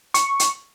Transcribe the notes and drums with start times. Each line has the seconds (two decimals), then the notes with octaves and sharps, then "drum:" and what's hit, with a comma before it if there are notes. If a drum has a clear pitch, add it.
0.14 C#6, drum: hi-hat
0.40 drum: hi-hat